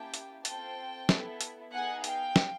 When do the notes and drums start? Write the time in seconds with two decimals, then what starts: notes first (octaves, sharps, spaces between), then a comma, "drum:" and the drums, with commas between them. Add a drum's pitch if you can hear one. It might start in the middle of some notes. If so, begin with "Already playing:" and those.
Already playing: A#3 C#4 E4 G4 G5 A5
0.14 drum: hi-hat
0.45 C4 F4 A4 G5 A5, drum: hi-hat
1.09 B3 E4 A4, drum: snare
1.41 drum: hi-hat
1.72 B3 D#4 G#4 F#5 G#5
2.04 F5 G5, drum: hi-hat
2.36 drum: snare